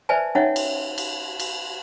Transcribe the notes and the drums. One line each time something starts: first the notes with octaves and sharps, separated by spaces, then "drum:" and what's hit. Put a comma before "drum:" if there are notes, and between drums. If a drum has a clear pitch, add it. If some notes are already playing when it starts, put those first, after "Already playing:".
B4 C5 D5 E5 G#5 A5
C#4 D#4 C#5 E5 F#5
drum: cymbal
drum: cymbal
drum: cymbal